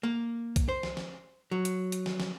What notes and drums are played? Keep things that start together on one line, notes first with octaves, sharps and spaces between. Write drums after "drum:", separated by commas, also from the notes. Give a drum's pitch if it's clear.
A#3
drum: kick, hi-hat
C5
drum: snare
drum: snare
F#3
drum: hi-hat
drum: hi-hat
drum: snare
drum: snare